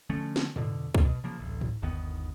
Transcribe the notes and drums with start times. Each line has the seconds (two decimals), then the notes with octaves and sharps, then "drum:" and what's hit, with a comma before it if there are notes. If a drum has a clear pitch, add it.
0.10 D3 F3 A3 C#4
0.36 drum: snare
0.56 F2 B2 D3, drum: tom G#2
0.95 drum: kick C2
1.05 B2
1.24 C#3 F3 A#3
1.39 D1 A1
1.61 drum: tom G#2
1.82 G1 D#2 D#3 B3